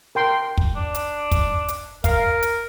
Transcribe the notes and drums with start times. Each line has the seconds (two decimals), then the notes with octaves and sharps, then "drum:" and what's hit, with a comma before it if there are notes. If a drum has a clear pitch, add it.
0.15 A#4 G5 C6
0.57 drum: kick
0.76 D4
0.94 drum: hi-hat
1.31 drum: kick, hi-hat
1.68 drum: hi-hat
2.04 A#4 F5, drum: kick, hi-hat
2.42 drum: hi-hat